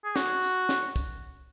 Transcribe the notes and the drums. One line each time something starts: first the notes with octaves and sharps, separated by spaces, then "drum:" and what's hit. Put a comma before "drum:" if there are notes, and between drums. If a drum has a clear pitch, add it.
G#4
F#4, drum: snare
drum: tambourine
drum: snare
drum: kick, tambourine